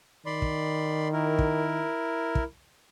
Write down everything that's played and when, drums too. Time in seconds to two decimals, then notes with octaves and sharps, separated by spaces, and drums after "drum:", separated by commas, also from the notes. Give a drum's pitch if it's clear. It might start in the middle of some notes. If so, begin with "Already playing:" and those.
0.26 D#3 D5 B5 C6
0.42 drum: kick
1.13 E4 A#4
1.39 drum: kick
2.35 drum: kick